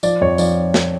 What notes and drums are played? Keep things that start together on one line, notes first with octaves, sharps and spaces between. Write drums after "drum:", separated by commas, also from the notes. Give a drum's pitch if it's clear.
F3 D5, drum: tambourine
F2 C#5
F3 D5, drum: tambourine
drum: snare